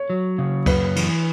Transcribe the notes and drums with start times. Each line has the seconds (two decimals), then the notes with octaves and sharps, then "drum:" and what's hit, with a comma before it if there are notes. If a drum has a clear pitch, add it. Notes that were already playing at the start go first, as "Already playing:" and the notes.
Already playing: C#5
0.10 F#3
0.38 C#3
0.66 F#2 B4, drum: kick C#2, cymbal
0.96 E3, drum: cymbal